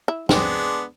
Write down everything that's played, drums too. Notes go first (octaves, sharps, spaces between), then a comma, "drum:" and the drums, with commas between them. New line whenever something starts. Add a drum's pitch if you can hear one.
E4
G#3 B3 C4 D4, drum: snare